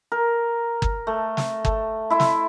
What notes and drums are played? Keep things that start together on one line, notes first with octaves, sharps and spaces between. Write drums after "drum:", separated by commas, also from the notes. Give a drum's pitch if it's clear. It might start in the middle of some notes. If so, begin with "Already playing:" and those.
A#4
drum: kick
A3
drum: snare
A3, drum: kick
E4 E5 C6
drum: snare